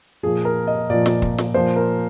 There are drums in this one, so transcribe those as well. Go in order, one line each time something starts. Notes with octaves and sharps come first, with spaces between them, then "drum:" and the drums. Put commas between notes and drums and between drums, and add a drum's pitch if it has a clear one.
A#2 F3 G#4
A#4
D#5
A#2 F3 D5
drum: snare
drum: kick
drum: snare
A#2 F3 C5
A#4